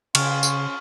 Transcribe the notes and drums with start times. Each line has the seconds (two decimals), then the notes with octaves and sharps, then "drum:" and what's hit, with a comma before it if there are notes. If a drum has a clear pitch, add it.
0.15 C#3 C#4 F5 C6 C#6 F6, drum: cymbal
0.43 drum: tambourine